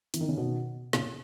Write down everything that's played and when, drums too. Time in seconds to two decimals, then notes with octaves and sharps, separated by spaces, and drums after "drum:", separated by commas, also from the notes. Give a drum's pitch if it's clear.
0.14 E3, drum: hi-hat
0.21 D#3
0.28 C#3
0.36 B2 D#3
0.93 A#2 C#3, drum: snare